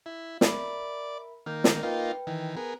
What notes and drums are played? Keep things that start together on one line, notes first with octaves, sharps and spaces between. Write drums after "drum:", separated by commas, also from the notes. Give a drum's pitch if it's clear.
E4
A#4 D5 E5 B5, drum: snare
D#3 A#3 F6 G6
drum: snare
A#3 D#4 F4 B4 G5
D#3 E3
B3 G#4 A#4